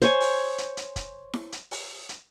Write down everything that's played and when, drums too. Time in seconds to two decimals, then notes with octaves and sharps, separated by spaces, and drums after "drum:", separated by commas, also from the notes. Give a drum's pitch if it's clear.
0.02 C5 C#5 G#5, drum: hi-hat
0.20 drum: open hi-hat
0.58 drum: hi-hat
0.77 drum: hi-hat
0.96 drum: kick, hi-hat
1.33 drum: snare E4
1.52 drum: hi-hat
1.71 drum: open hi-hat
2.09 drum: hi-hat